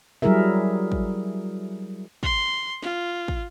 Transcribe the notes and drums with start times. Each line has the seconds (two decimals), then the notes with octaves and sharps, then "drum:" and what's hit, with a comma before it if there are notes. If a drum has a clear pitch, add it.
0.22 F#3 G3 E4 G#4 A#4 E5
0.92 drum: kick
2.23 C6, drum: kick
2.83 F4, drum: snare
3.28 drum: kick